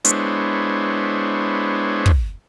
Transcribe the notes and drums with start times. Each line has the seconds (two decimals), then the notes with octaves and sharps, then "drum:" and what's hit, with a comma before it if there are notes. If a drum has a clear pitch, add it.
0.05 G#3 B3 D4 E4 C5 C#5, drum: hi-hat
2.06 drum: kick